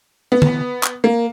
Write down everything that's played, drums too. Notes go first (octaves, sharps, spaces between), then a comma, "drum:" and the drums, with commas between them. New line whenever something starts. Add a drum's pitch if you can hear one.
B3
drum: tom D3
drum: clap
A#3